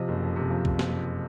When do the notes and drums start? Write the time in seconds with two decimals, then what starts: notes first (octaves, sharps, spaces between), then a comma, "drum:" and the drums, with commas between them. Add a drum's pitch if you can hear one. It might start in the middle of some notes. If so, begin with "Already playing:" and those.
Already playing: C3 F3 D#5
0.08 F#1
0.23 F2
0.36 C3
0.50 F3
0.65 drum: kick B1
0.79 drum: snare